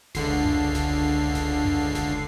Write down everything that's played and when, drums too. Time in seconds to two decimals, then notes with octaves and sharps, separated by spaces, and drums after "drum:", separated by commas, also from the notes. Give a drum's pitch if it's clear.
0.15 C#2 D3 C7, drum: snare F1
0.45 drum: tom F2
0.75 drum: snare F1
1.35 drum: snare F1
1.65 drum: tom F2
1.95 drum: snare F1